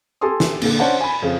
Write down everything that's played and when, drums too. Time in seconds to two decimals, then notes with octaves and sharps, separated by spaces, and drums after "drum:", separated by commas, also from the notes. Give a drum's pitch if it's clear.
0.21 G4 A4 G#5 C6 D#6
0.40 drum: snare
0.62 A#2 D3, drum: cymbal
0.79 C#4 D4 C5 F#5 A5
1.01 G#5 B5
1.22 F2 C#3